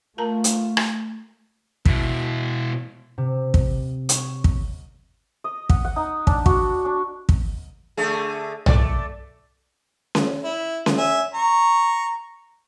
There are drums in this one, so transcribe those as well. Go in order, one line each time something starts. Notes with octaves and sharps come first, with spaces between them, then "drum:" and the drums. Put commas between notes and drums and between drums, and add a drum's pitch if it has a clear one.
A3 F4 A#4 A5 A#5
drum: hi-hat
drum: rim click
B2 E4, drum: kick
C3
drum: kick
C#5, drum: hi-hat
drum: kick
D#5
F#5, drum: kick
F#5
D#4
D4, drum: kick
F#4, drum: kick
D4
drum: kick
D3 A3 G#4
A3 D5, drum: tom
drum: snare C#4
E4
drum: snare C#4
E5 G#5
A#5 C#6